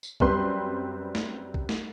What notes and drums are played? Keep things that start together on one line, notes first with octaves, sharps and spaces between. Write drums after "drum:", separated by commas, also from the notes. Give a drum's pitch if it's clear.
drum: tambourine
F#2 G3 C4 B4 C6, drum: kick B1
drum: snare
drum: kick B1
drum: snare